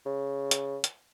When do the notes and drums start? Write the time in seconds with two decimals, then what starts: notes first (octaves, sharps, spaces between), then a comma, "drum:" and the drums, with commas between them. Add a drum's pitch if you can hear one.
0.06 C#3
0.51 drum: hi-hat
0.84 drum: hi-hat